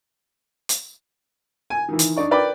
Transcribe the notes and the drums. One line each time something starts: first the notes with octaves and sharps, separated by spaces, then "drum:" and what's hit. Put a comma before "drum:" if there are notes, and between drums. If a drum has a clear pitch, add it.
drum: hi-hat
G#5
D#3 E3
drum: hi-hat
D4 D#4 D5 C#6
A#4 B4 D5 G5 B5 D6